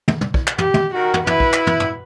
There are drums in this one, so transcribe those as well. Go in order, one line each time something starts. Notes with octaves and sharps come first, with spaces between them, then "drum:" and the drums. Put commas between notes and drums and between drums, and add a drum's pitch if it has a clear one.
drum: tom
drum: tom
drum: kick
drum: clap
G4, drum: tom
drum: tom
D#3 F#4 A#4
drum: tom
E4 B4, drum: tom
drum: kick
drum: clap
drum: tom
drum: tom